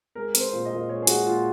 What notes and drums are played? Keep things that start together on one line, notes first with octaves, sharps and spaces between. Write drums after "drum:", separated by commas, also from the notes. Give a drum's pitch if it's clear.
G#3 A#4
C4, drum: hi-hat
C5
A#2
D#5
A#2
G#3 C#5
G#4
G#3 F#4, drum: hi-hat
A#2 F4